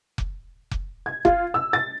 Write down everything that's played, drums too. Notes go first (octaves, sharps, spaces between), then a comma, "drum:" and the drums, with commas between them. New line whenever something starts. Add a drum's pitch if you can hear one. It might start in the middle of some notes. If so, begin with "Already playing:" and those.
drum: kick F1
drum: kick F1
G#6
F4, drum: kick F1
E6
A6